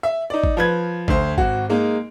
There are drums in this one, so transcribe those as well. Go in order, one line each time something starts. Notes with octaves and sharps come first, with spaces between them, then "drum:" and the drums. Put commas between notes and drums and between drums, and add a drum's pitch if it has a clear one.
E5
D#4 D5
drum: kick
F3 B4 G#6
D2 C5, drum: kick
G#1 F#4, drum: kick
G#3 A#3 D#4